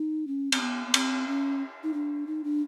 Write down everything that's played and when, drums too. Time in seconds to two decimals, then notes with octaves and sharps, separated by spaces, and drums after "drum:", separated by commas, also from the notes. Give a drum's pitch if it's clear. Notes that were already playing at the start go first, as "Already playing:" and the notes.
Already playing: D#4
0.27 C#4
0.52 C4, drum: cymbal
0.60 B3
0.87 B3
0.94 C4, drum: cymbal
1.27 C#4
1.83 D#4
1.94 D4
2.27 D#4
2.44 D4